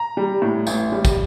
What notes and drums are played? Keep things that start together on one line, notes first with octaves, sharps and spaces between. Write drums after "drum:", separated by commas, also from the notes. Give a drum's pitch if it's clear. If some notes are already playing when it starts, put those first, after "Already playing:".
Already playing: A#5
G3
A2
A1, drum: tambourine
G3
drum: kick, tambourine